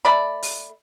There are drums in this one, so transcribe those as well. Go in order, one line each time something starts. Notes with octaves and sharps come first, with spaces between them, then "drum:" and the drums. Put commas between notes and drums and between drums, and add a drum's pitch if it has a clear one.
A3 D5 B5
drum: open hi-hat